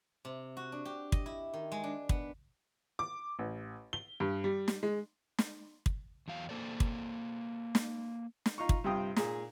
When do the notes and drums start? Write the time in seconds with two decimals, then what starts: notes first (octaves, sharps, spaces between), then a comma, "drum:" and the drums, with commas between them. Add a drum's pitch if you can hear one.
0.25 C3
0.57 F#4
0.72 D4
0.85 G4
1.12 D#5, drum: kick
1.26 E4
1.54 D#3
1.72 G#3
1.84 D4
2.09 B3, drum: kick
2.99 D6
3.39 A1
3.93 G7
4.20 G2
4.44 G3
4.68 drum: snare
4.83 G#3
5.39 drum: snare
5.86 drum: kick
6.28 E2 F#3 F5
6.49 A#3 A4 C5 D5
6.80 drum: kick
7.75 drum: snare
8.46 drum: snare
8.58 D#4 F4 C#6
8.69 drum: kick
8.84 G2 C3 F4 G5 D#6
9.16 A#2 G#4, drum: snare